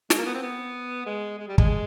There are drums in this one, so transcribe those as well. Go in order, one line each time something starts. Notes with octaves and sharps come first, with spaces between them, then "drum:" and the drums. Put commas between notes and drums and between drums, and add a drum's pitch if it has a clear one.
G#3, drum: snare
A#3
B3
C4
B3
G#3
G#3
G3
G#3, drum: kick